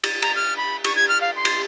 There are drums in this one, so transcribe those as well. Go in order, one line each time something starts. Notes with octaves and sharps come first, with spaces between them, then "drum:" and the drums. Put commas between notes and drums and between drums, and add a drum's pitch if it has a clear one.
drum: cymbal
A#5, drum: cymbal
F6
B5
C#6, drum: cymbal
G#6
F6
F5
C6
drum: cymbal